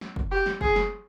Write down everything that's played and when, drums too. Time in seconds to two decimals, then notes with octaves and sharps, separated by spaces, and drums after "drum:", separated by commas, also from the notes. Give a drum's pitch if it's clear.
0.01 drum: snare
0.16 drum: kick
0.31 G4
0.46 drum: snare
0.61 G#4, drum: kick
0.76 drum: snare